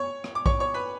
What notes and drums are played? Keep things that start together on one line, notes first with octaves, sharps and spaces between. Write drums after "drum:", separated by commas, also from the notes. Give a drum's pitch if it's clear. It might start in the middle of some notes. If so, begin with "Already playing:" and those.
Already playing: C#5 C#6
drum: rim click
D6
C#5 C#6, drum: kick A#1
C#5 C#6
B4 B5